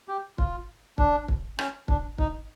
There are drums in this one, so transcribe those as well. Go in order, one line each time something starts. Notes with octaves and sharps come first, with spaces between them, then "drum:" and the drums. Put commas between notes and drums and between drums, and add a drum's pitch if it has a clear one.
G4
F4, drum: kick
D4, drum: kick
drum: kick
C#4, drum: rim click
D4, drum: kick
D#4, drum: kick